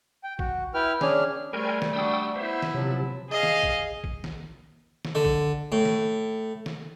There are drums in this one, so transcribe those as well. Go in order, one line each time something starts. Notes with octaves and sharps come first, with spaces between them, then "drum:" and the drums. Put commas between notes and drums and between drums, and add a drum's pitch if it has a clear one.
G5
F#4, drum: kick
E4 B4 G5 F6
C#4 D4 G#4 F6, drum: snare
G3 A3 G#4 A#4 C5 G5 G#5
drum: snare
D4 F#4 G5 D#6 E6
B3 E4 C5 E5
drum: snare
C3 F3 F#3
G#4 D#5 F5
drum: snare
drum: kick
drum: kick
drum: snare
drum: snare
D3
drum: kick
A2
drum: snare
drum: snare